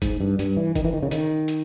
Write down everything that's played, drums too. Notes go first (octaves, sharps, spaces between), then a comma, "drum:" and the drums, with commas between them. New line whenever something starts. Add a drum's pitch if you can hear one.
G#2, drum: kick F#1, hi-hat
G2
G2, drum: hi-hat
E3
D#3, drum: kick F#1, hi-hat
E3
D#3
C#3
D#3, drum: hi-hat
drum: hi-hat